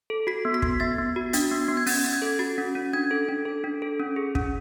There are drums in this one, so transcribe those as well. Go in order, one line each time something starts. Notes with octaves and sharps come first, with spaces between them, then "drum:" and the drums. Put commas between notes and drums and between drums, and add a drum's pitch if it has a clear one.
A4
F#4 B6
B3
B6
B3, drum: kick
B3 A6
B3
F#4
D4 A6, drum: hi-hat
B3
B3
G#6
C#4 A6, drum: open hi-hat
C#4
G#6
A4
F#4 A6
C#4
C#4
D4 G#6
A4
D4
A4
D4
A4
C#4
G#4
C#4, drum: kick